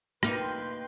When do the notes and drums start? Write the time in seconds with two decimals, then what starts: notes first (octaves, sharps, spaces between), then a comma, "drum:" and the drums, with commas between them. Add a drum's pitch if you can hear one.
0.23 A#3 D#4 B4 G5 C6, drum: rim click